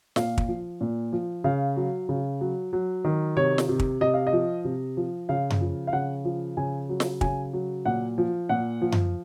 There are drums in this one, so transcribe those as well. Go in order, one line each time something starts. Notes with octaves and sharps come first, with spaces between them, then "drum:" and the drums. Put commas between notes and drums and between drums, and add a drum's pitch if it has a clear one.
A#2 F5, drum: snare
drum: kick
F3
A#2
F3
C#3 F5
F#3
C#3
F#3
F#3
D#3
C3 C#5
drum: snare
C3
drum: kick
C3 D#5
F5
D#5
F3
C3
F3
C#3 F5
drum: tom F#2
F3
F5
C#3 F#5
F3
C#3 G#5
F#3
drum: snare
C#3 G#5, drum: kick
F#3
A#2 F#5
F3
A#2 F#5
F3
drum: tom F#2